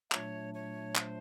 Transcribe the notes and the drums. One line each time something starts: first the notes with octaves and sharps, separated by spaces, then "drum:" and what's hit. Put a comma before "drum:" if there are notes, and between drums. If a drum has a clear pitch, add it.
A#2 F#3 A3 D4 C#5, drum: clap
C#5
C5, drum: clap